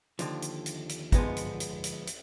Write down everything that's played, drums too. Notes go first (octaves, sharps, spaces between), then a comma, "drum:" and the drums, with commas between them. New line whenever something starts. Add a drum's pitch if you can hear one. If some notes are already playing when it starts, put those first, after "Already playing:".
D#2 D3 F3, drum: hi-hat
drum: hi-hat
drum: hi-hat
drum: hi-hat
D3 F3 G#3 B3 D#4, drum: kick, hi-hat
drum: hi-hat
drum: hi-hat
drum: hi-hat
drum: hi-hat